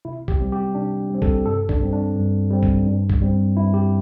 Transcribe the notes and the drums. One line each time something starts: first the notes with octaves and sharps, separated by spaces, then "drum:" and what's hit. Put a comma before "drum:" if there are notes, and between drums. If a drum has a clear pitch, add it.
C3 E4
G4, drum: kick
G3 C4
G4
C3 D4
G3 C4
A4, drum: kick
G2 A4
D4, drum: kick
G3 C4
D4
G2
G3 C4
drum: kick
G2
drum: kick
G3 C4
G2 E4
G4